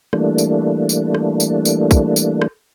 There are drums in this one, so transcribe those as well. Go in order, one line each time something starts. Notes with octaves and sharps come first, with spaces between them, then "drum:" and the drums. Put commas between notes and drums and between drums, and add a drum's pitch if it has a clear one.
E3 G3 A3 A#3 D4, drum: rim click
drum: tambourine
drum: tambourine
drum: rim click
drum: tambourine
drum: tambourine
drum: kick, tambourine
drum: tambourine
drum: rim click